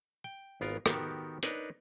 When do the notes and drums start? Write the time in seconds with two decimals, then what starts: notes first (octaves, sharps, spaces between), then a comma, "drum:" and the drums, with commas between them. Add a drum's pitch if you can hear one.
0.24 G5
0.61 G#1 B3 F4 A#4
0.86 D#3 B3 F#4 G4 A4 A#4, drum: rim click
1.43 D4 D#4 A#4 B4 C#5, drum: hi-hat